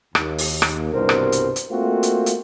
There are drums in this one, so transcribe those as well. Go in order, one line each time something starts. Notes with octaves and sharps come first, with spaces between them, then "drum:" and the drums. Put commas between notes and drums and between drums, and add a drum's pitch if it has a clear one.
D#2, drum: rim click
drum: open hi-hat
drum: rim click
C2 G2 B2 A#4 C5
drum: rim click
drum: hi-hat
drum: hi-hat
A3 A#3 C4 F4 F#4
drum: hi-hat
drum: hi-hat